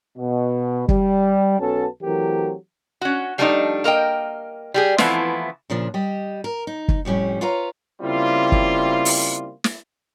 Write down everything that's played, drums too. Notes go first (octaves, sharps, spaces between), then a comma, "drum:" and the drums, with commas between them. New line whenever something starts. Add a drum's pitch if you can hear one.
B2
G3, drum: kick
B1 B3 C#4 F#4 A4 A5
E3 F#3 A3 C4 G4 A#4
C#4 F#4
F3 G3 A3 A#3 D4 D#4
A#3 A#4 D#5 G5
G3 G4 G#4
E3 F3 A3 B3 C4 E4, drum: snare
A#2 C#3 F3 D4
G3 G4 D#5
A#4
D#4
drum: kick
F2 A2 G3 C#4
F4 B4 C#5 F5 A#5
C#3 G3 A#3 C4 E4 F4
drum: kick
drum: open hi-hat
drum: snare